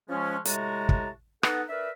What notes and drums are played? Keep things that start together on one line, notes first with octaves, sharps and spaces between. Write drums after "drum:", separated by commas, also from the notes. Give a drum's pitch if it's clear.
F3 G#3 C#4
A2 C3 G#3 F#4 A5 A#5, drum: hi-hat
drum: kick
B3 D#4 A4 D#5 F#5, drum: rim click
D4 A#4 B4 E5